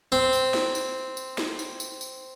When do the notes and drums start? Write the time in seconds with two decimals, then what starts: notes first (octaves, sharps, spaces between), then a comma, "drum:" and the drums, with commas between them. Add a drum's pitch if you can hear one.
0.12 C4, drum: tambourine
0.33 drum: tambourine
0.54 drum: snare
0.75 drum: tambourine
1.17 drum: tambourine
1.38 drum: snare
1.59 drum: tambourine
1.80 drum: tambourine
2.01 drum: tambourine